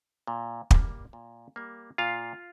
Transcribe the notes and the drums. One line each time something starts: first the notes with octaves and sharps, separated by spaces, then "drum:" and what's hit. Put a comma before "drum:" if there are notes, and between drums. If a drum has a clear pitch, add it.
A#2
G3 A#3, drum: kick
A#2
G3 A#3
A#2 F4 F5